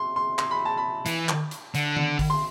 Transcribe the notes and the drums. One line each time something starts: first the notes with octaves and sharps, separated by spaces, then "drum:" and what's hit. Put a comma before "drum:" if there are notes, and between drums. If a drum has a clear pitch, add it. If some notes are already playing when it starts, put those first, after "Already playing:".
Already playing: C6
C6
C6, drum: clap
B5
A5
B5
E3, drum: hi-hat
drum: clap
drum: hi-hat
D3, drum: hi-hat
drum: tom D#3
drum: kick, open hi-hat
C6